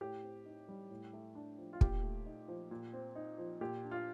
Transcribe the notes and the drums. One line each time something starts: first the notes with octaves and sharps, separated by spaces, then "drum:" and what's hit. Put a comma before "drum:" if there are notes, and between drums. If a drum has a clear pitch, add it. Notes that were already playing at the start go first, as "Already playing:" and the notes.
A2 G4
C4
D#4
G3
A2
A3
D4
F3
F4
A#2 G4, drum: kick
A3
D#4
F3
A#2
C4
D#4
F3
A#2 G4
D4
F4